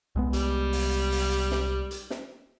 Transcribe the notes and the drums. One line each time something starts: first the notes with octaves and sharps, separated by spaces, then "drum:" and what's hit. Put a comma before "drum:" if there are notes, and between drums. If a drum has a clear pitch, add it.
C2 G#3 B3
G3, drum: hi-hat
drum: open hi-hat
drum: open hi-hat
drum: snare
drum: hi-hat
drum: snare